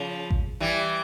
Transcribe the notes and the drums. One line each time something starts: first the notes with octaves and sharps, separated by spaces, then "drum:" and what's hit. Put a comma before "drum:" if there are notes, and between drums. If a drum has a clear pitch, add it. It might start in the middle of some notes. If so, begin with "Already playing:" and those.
Already playing: C#3 F3
drum: kick A1
E3 G3